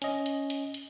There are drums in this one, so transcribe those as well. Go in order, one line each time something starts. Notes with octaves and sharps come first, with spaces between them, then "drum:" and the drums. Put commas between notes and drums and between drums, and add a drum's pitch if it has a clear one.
C#4 D#5, drum: hi-hat
drum: hi-hat
drum: hi-hat
drum: hi-hat